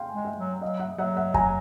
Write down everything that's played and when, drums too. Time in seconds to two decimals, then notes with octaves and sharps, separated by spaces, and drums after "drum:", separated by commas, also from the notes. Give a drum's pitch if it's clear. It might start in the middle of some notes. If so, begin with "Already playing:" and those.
Already playing: F5 G5 G#5 C6
0.13 G#3
0.25 E5 F#5
0.37 F#3
0.61 F#3 D#5 F5
0.80 E5 F#5
0.98 F#3 E5 F#5
1.16 E5 F#5
1.34 G#5 A#5, drum: kick F2